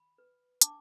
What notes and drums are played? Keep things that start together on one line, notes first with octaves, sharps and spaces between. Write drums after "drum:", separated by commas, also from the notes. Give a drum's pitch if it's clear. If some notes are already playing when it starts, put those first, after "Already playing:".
Already playing: B5
B4
D4 A5 D6, drum: hi-hat